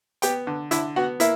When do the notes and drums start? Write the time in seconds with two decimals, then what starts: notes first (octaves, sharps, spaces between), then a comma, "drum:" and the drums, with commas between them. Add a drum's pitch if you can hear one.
0.22 B3 G4 G5, drum: hi-hat
0.47 D3
0.71 D3 E4 E5, drum: hi-hat
0.96 B3 F#4 F#5
1.20 A#3 E4 E5, drum: hi-hat